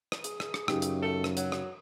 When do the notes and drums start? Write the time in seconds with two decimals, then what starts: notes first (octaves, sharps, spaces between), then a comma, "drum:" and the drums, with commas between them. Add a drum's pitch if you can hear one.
0.12 drum: rim click
0.24 G#4, drum: hi-hat
0.40 drum: rim click
0.54 drum: rim click
0.68 F#2 C#3 D#4 G4, drum: rim click
0.82 drum: hi-hat
1.03 A4
1.24 drum: rim click
1.37 F#3, drum: hi-hat
1.52 drum: rim click